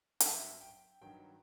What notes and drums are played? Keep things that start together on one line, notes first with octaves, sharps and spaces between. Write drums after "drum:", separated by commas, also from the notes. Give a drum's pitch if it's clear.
G2 F#3 E5, drum: hi-hat
G5
G2 D#3 F#3 G5